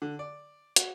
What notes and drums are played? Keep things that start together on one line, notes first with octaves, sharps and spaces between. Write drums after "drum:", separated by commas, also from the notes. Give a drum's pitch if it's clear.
D3
D5
F#4, drum: hi-hat